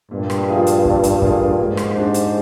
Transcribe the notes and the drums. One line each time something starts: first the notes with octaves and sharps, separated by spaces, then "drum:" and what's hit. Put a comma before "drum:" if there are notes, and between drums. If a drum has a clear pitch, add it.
G2 A#2
drum: rim click
F3 A#3 F4 G#4
drum: hi-hat
A#2, drum: kick
drum: hi-hat
F3 A#3 F4 G#4, drum: kick
G#2 A#3
drum: rim click
D4 G4 C5
drum: hi-hat